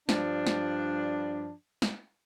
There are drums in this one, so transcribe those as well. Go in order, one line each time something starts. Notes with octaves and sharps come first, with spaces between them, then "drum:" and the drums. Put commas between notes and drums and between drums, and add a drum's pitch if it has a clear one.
G2 F3 D4, drum: snare
drum: snare
drum: snare